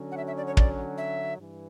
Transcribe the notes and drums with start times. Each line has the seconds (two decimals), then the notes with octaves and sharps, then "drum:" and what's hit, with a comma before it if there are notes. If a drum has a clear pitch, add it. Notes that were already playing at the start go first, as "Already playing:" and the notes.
Already playing: D3 F#3 C#4 F#4
0.12 F#5
0.17 E5
0.27 E5
0.37 D5
0.47 C#5
0.57 D5, drum: kick
0.98 E5
1.37 G2 E3